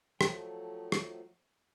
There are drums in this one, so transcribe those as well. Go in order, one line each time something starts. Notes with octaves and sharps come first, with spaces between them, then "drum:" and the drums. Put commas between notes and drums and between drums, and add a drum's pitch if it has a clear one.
F3 F#3 A3 G5, drum: rim click
drum: rim click